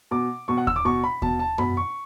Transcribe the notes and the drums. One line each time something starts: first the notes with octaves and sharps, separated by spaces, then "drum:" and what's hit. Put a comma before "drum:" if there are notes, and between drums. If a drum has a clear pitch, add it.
B2 D6
B2 C#6
F#5
E6, drum: kick D#2
D6
B2 C#6
B5
B2 A5, drum: kick D#2
A5
B2 B5, drum: tom F#2
C#6